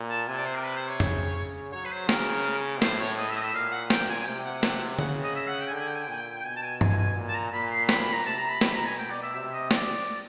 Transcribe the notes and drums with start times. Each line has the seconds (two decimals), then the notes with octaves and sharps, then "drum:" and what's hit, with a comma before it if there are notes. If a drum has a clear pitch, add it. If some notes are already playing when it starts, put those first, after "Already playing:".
Already playing: A#2
0.10 A5
0.28 C3 G#5
0.37 D5
0.45 C5
0.55 A#4
0.64 B4
0.76 C5
0.88 C#5
1.00 C#3, drum: tom F2
1.72 F#3 C#5
1.85 B4
1.91 C5
2.09 C#3 A#4, drum: snare
2.82 A2 C5, drum: snare
3.00 C#5
3.17 D#5
3.29 E5
3.36 D#5
3.42 E5
3.54 A#2 F5
3.67 F5
3.72 F#5
3.90 G5, drum: snare
4.09 G#5
4.20 G#5
4.26 C3 G5
4.45 F#5
4.63 drum: snare
4.99 C#3 F#5, drum: tom D3
5.23 D#5
5.35 E5
5.47 F#5
5.60 G5
5.67 G#5
5.72 D3 G5
5.81 G#5
5.88 G5
5.96 G#5
6.03 G5
6.08 A#2 G#5
6.18 G5
6.39 G5
6.44 B2 G#5
6.56 A5
6.62 G#5
6.81 G#5, drum: tom G2
6.98 G#5
7.17 A#2
7.28 A5
7.35 A#5
7.53 A#2 B5
7.71 C6
7.83 C6
7.89 B5, drum: snare
8.02 B5
8.13 A#5
8.26 C3 A5
8.38 A#5
8.49 B5
8.61 B2 B5, drum: snare
8.74 A#5
8.86 G#5
8.98 G5
9.10 D5
9.22 E5
9.34 C3 E5
9.53 D#5
9.71 D5, drum: snare